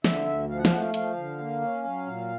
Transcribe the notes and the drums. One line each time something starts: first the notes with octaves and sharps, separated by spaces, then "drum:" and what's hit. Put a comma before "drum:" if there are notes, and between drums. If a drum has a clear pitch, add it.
D3 E5, drum: snare
D2
F3 F5
F#5
F5, drum: snare
A3 F#5
F5
F3 F5, drum: hi-hat
D3
A#3
C#4
F#3
A#2